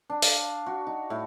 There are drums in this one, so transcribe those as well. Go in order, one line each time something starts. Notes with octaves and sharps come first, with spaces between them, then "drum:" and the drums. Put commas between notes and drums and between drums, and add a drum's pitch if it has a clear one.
D4
F5, drum: open hi-hat
F#4
D#4
A2